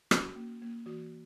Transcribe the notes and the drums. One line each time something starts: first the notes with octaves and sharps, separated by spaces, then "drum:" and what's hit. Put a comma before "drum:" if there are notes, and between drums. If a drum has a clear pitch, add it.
C#4 F#4, drum: rim click
A#3
A#3
E3 F#4